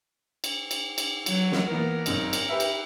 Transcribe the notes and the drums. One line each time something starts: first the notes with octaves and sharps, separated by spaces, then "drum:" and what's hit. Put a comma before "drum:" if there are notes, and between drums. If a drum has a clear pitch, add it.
drum: cymbal
drum: cymbal
drum: cymbal
F#3, drum: cymbal
drum: snare
E3 A#3 B3 A#4
G#1 F#2 D#4, drum: cymbal
drum: cymbal
G4 B4 E5
drum: cymbal